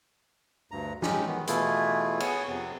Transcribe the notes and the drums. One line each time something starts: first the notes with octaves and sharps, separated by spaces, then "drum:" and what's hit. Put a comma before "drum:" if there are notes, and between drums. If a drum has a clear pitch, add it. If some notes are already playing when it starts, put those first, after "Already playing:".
D2 G2 A#5
G#3 C#4 D#4 G4, drum: snare
D#3 B3
B2 E3 A3 E4 F4 G#4, drum: hi-hat
B3 G#4 C#5, drum: cymbal
F2 C3 B3